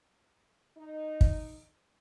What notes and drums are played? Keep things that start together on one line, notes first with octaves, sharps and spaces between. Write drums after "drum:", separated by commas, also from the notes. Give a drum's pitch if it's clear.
D#4
drum: kick